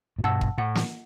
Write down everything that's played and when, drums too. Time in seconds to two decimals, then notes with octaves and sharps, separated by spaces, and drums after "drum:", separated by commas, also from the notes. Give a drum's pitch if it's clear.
0.19 A2
0.24 G2 B2 F#5 A5 E6
0.41 drum: kick
0.58 A2 F#5
0.75 drum: snare